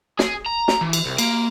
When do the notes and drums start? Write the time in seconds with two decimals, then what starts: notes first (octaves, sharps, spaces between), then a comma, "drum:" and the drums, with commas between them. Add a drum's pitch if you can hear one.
0.19 G#4, drum: snare
0.46 A#5
0.68 drum: snare
0.81 E3
0.93 drum: cymbal
1.06 C2
1.18 A#3, drum: cymbal